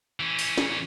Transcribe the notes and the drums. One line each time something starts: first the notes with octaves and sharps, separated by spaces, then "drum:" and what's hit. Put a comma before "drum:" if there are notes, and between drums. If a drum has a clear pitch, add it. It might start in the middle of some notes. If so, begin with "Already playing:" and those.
E3 C#4
drum: open hi-hat
drum: snare